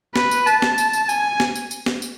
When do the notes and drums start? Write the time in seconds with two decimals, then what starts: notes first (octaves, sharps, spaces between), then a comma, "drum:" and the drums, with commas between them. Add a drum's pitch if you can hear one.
0.16 B4, drum: snare
0.31 drum: tambourine
0.47 A5, drum: tambourine
0.62 drum: snare
0.78 drum: tambourine
0.93 drum: tambourine
1.09 G#5, drum: tambourine
1.40 drum: snare
1.55 drum: tambourine
1.71 drum: tambourine
1.86 drum: snare
2.02 drum: tambourine